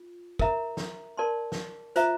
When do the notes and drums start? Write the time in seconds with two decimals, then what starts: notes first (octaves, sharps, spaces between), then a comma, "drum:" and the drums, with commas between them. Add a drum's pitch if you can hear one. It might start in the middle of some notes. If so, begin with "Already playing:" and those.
Already playing: F4
0.39 A#4 E5 A#5, drum: kick
0.77 drum: snare
1.17 A#4 D5 A5 C6
1.52 drum: snare
1.96 F4 C5 E5 A#5, drum: hi-hat